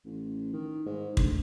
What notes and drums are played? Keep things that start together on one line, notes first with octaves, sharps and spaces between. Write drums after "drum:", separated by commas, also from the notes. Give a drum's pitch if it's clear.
A1
D#3
G#2
D2, drum: kick